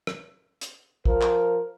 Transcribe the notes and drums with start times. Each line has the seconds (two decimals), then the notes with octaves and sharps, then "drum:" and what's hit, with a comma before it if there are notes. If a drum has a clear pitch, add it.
0.07 drum: rim click
0.61 drum: hi-hat
1.05 F3 A#4, drum: kick
1.22 drum: clap